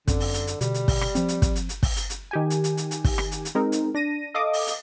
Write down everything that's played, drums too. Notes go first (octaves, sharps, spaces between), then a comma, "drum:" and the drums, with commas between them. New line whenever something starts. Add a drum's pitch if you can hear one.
F#2 D3 C4, drum: kick, hi-hat
drum: open hi-hat
drum: hi-hat
drum: hi-hat
B2 D3 G3, drum: hi-hat
drum: hi-hat
drum: kick, open hi-hat
drum: rim click
F3 C4, drum: hi-hat
drum: hi-hat
drum: kick, hi-hat
drum: hi-hat
drum: hi-hat
drum: kick, open hi-hat
drum: hi-hat
drum: hi-hat
D#3 G4 G#5
drum: hi-hat
drum: hi-hat
drum: hi-hat
drum: hi-hat
drum: kick, open hi-hat
drum: rim click
drum: hi-hat
drum: hi-hat
G#3 C4 D#4 A#4
drum: hi-hat
D4 A#6 D#7
A4 D#5 F5 D6 D#6
drum: open hi-hat
drum: hi-hat